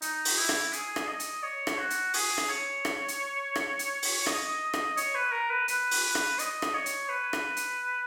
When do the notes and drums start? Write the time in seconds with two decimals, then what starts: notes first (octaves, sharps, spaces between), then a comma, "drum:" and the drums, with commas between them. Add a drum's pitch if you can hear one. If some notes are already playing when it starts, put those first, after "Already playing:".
0.02 D#4, drum: hi-hat
0.25 drum: open hi-hat
0.38 E4
0.49 drum: rim click
0.73 G#4, drum: hi-hat
0.96 drum: rim click
1.08 D#5
1.20 drum: hi-hat
1.43 C#5
1.67 drum: rim click
1.78 F#4
1.90 drum: hi-hat
2.14 G#4, drum: open hi-hat
2.38 drum: rim click
2.49 C#5
2.85 drum: rim click
3.08 drum: hi-hat
3.56 drum: rim click
3.79 drum: hi-hat
4.03 drum: open hi-hat
4.26 D#5, drum: rim click
4.73 drum: rim click
4.97 C#5, drum: hi-hat
5.15 B4
5.32 A#4
5.50 B4
5.68 B4, drum: hi-hat
5.91 drum: open hi-hat
6.03 B4
6.15 drum: rim click
6.39 D#5, drum: hi-hat
6.62 drum: rim click
6.74 C#5
6.86 drum: hi-hat
7.09 B4
7.33 drum: rim click
7.57 drum: hi-hat